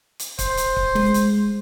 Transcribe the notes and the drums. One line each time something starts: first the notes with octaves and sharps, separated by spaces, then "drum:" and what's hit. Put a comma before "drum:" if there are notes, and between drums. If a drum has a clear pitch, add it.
drum: hi-hat
C5, drum: kick, hi-hat
drum: hi-hat
drum: kick
G#3, drum: snare
drum: hi-hat